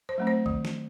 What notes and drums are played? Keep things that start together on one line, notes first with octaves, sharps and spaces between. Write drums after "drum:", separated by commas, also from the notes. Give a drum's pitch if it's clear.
C5
F#3 A3 C4
C5
D#3, drum: kick
drum: snare